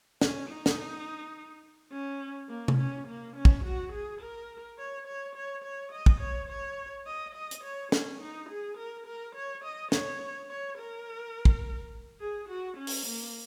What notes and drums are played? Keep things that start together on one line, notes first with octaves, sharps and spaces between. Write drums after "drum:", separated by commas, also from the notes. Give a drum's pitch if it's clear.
C#4, drum: snare
D#4
drum: snare
C#4
A#3
drum: tom C3
C#4
A#3
C#4
drum: kick
F#4
G#4
A#4
C#5
C#5
C#5
C#5
D#5
drum: kick
C#5
C#5
D#5
D#5
drum: hi-hat
C#5
C#4, drum: snare
D#4
G#4
A#4
A#4
C#5
D#5
C#5, drum: snare
C#5
A#4
drum: kick
G#4
F#4
C#4
drum: open hi-hat
A#3